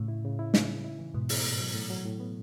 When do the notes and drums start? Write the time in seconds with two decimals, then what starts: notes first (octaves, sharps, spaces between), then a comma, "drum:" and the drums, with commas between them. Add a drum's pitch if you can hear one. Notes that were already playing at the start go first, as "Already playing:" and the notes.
Already playing: A2 C#3
0.08 E4
0.24 C#3
0.39 E4
0.54 C#3, drum: snare
0.69 C#3
0.85 E4
0.99 E3
1.14 G#2 B2 B3
1.29 E4, drum: open hi-hat
1.45 A2
1.60 F#3
1.74 A2
1.90 F#3
2.05 A2
2.20 B3